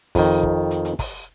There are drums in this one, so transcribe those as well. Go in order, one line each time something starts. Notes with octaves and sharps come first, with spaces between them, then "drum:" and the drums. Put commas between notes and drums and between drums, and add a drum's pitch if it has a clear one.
F2 D#3, drum: kick, open hi-hat
drum: kick
drum: hi-hat
drum: hi-hat
drum: kick, open hi-hat